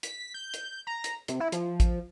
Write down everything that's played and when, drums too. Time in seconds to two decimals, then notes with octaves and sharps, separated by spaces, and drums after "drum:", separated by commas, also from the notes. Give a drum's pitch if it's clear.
0.03 B6, drum: hi-hat
0.34 G6
0.54 drum: hi-hat
0.87 A#5
1.04 drum: hi-hat
1.28 C3, drum: hi-hat
1.40 E4
1.52 F3, drum: hi-hat
1.80 drum: kick, hi-hat